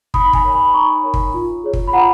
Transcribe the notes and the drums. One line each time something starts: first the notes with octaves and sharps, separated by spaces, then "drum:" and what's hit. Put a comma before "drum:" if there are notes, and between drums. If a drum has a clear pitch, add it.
D#4 B5 D#6, drum: kick
G#5 B5, drum: kick
A#4 C#5
G#5 B5
D#4 A#5 C#6
A#4 C#5
drum: kick
F4
G#4 C#5
drum: kick
B5
F4 F#5 A#5